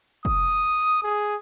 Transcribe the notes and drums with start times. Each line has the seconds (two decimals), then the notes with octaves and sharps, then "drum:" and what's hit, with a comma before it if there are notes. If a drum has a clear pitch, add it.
0.25 D#6, drum: kick
1.03 G#4